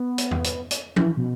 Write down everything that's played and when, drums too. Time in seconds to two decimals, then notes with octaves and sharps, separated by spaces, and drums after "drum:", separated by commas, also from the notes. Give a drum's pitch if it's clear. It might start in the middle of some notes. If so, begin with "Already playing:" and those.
Already playing: B3
0.18 drum: hi-hat
0.31 drum: tom E2
0.44 drum: hi-hat
0.71 drum: hi-hat
0.96 E3, drum: tom F3
1.17 B2